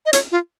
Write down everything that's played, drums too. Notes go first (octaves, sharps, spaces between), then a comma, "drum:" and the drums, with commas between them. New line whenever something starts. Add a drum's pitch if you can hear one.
D#5
C#5, drum: hi-hat
F4